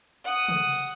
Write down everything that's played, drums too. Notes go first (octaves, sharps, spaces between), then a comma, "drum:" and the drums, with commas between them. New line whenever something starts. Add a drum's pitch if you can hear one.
F#5 D#6
drum: tom
drum: cymbal